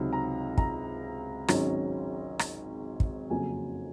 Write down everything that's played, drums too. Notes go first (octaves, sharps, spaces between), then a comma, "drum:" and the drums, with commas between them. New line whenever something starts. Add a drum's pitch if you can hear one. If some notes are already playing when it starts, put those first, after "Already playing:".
Already playing: C#2 C3 F#3 C4 D#4
A#5
A#5, drum: kick
G#1 G#2 F#3 C#4, drum: rim click
drum: rim click
drum: kick
F#1 F2 C#3 F#3 G#5